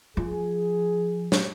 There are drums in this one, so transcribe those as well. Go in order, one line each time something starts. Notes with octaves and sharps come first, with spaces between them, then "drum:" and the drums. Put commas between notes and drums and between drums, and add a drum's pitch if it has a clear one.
F3 G#4
drum: snare